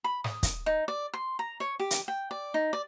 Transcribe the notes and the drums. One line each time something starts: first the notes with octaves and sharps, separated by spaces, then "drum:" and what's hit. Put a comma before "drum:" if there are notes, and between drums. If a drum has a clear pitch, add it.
B5
D#6, drum: snare
drum: kick, hi-hat
D#4
D5
C6
A#5
C#5
G4
drum: hi-hat
G5
D5
D#4
D5